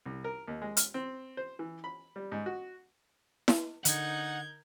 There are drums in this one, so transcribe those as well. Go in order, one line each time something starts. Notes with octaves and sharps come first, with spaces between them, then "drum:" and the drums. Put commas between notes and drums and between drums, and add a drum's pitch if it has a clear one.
C2
A#4
D#2
G#3
F6, drum: hi-hat
C4
C5
E3
B5
G3
G#2
F#4
drum: snare E4
D3 D#4 A#4 F#5 G6 G#6, drum: hi-hat